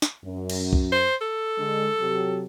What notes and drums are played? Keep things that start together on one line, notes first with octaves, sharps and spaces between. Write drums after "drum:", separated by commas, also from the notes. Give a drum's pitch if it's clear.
drum: snare
F#2
drum: cymbal
drum: kick
C5
A4
D3 G#3
C3 F#3 G4